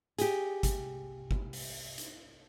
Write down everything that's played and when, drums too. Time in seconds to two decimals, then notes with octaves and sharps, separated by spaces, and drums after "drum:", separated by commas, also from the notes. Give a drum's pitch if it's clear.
0.18 G4 G#4, drum: hi-hat
0.63 drum: kick G1, hi-hat
1.31 drum: kick G1
1.53 drum: open hi-hat
1.98 drum: hi-hat